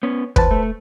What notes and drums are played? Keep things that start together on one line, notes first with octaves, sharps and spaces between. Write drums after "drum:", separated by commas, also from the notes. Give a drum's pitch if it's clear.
B3 C#4
E2 B4 C5 A5, drum: kick
A3